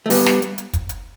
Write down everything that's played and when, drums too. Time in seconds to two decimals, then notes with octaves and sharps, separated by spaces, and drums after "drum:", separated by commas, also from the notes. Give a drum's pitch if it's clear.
0.06 A3
0.10 G3 B3, drum: open hi-hat
0.26 drum: snare
0.42 drum: hi-hat
0.58 drum: hi-hat
0.73 drum: kick, hi-hat
0.89 drum: hi-hat